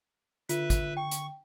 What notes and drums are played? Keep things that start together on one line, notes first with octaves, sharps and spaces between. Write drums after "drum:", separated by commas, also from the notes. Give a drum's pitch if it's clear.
D3 F4 B4 E5, drum: hi-hat
drum: kick, hi-hat
G5 C#6
drum: hi-hat